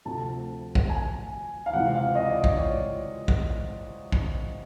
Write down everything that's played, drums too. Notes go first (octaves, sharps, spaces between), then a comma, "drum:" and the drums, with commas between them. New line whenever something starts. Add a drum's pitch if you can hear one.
D2 C3 F3 A5
drum: kick
G#5
F5
C#2 C3 E3 F#5
F5
D#5
D5
C#5, drum: kick
D5
drum: kick
drum: kick